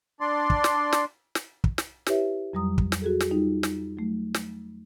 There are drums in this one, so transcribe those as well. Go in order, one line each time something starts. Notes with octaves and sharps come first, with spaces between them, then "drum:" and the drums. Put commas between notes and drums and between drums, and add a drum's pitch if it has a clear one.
D4 D5 C6
drum: kick
drum: snare
drum: snare
drum: snare
drum: kick
drum: snare
E4 G4 B4 C#5 E5, drum: snare
F2 F#3 G3 A#5 D#6
drum: kick
drum: snare
F#4 G#4 A4
drum: snare
G3 D#4 F4
drum: snare
F#3 A3
drum: snare